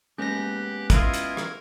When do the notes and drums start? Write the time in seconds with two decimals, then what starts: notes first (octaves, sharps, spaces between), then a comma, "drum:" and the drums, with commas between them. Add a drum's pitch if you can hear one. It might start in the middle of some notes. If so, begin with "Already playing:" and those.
0.18 G#3 A#3 B3 C#4 G4 F#6 A#6
0.90 E4 F4 A#4 D#5 G#6, drum: kick, hi-hat
1.14 drum: hi-hat
1.37 drum: rim click